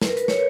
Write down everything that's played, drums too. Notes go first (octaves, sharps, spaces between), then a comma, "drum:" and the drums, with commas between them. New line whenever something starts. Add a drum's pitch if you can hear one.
B4, drum: snare
A#4
B4, drum: hi-hat
C#5, drum: snare